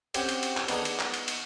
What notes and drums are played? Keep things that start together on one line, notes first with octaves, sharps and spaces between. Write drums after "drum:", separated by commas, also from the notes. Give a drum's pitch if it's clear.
C4 C#4 F#4 G4 C#5, drum: cymbal
drum: cymbal
drum: cymbal
drum: clap
B3 D4 D#4 G#4, drum: cymbal
drum: cymbal
drum: clap
drum: cymbal
drum: cymbal